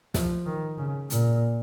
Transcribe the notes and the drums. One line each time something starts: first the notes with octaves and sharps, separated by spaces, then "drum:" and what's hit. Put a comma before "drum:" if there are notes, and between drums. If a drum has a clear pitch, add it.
F3, drum: snare
D#3
C#3
A#2, drum: hi-hat